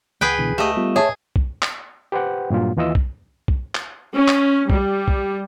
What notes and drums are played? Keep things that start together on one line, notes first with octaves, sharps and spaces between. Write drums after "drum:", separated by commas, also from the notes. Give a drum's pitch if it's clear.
C#2 G#4 B4 F#5 G5
B2 D3 E3
A3 G4 D#5 F5 G5
G3 B3 F4
G#4 C#5 E5 A5
drum: kick B1
drum: clap
G4 B4 C5 F#5 G5
G2 A#2 F#3 F4
D#2 E3 F4 D#5 E6
drum: kick B1
drum: kick B1
drum: clap
C#4
drum: clap
G3, drum: kick B1
drum: kick B1